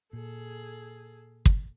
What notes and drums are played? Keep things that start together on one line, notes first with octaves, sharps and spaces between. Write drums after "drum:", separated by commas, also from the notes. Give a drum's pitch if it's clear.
A#2 G#4 A4
drum: kick